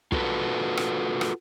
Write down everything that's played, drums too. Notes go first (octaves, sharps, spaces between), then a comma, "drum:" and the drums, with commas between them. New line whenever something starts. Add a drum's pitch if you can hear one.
F4 F#4 A4 B4, drum: kick
drum: rim click
drum: rim click